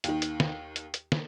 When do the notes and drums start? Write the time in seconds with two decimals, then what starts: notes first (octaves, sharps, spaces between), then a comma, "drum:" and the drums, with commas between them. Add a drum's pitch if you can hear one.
0.04 D#2 D#3, drum: hi-hat
0.22 drum: hi-hat
0.40 drum: snare
0.76 drum: hi-hat
0.94 drum: hi-hat
1.12 drum: snare